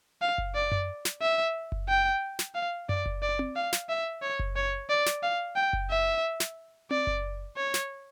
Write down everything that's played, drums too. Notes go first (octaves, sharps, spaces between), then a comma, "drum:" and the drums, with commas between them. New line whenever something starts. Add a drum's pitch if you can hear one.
F5
drum: kick F#1
D5
drum: tom F#2
drum: snare
E5
drum: kick F#1
G5
drum: snare
F5
D5, drum: tom F#2
drum: kick F#1
D5
drum: tom C4
F5
drum: snare
E5
C#5
drum: kick F#1
C#5
D5
drum: snare
F5
G5
drum: kick F#1
E5
drum: snare
D5, drum: tom C4
drum: kick F#1
C#5
drum: snare